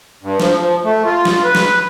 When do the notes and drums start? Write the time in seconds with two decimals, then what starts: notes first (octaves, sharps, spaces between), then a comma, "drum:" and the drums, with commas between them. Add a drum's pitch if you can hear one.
0.23 G2
0.40 F3, drum: snare
0.59 F3
0.84 A3
1.05 F4
1.25 drum: snare
1.44 B4
1.55 drum: snare